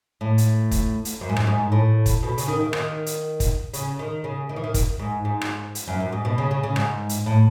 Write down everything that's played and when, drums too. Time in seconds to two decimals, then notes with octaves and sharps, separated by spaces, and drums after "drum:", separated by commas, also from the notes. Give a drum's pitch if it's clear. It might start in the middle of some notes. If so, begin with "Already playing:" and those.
0.21 A2
0.38 drum: hi-hat
0.71 drum: kick, hi-hat
1.05 drum: hi-hat
1.21 F#2
1.29 G#2
1.36 F#2, drum: rim click
1.47 G#2
1.72 A2
2.06 drum: kick, hi-hat
2.23 B2
2.38 C#3, drum: hi-hat
2.48 D#3
2.60 D#3
2.73 D#3, drum: rim click
3.06 drum: hi-hat
3.40 drum: kick, hi-hat
3.74 C#3, drum: hi-hat
3.99 D#3
4.24 C#3
4.49 D#3
4.56 E3
4.64 D#3
4.74 drum: kick, hi-hat
4.99 G#2
5.25 G#2
5.41 drum: rim click
5.75 drum: hi-hat
5.88 F#2
6.00 F#2
6.12 G#2
6.25 B2
6.38 C#3
6.51 C#3
6.63 C#3
6.76 G#2, drum: rim click
7.09 drum: hi-hat
7.26 A2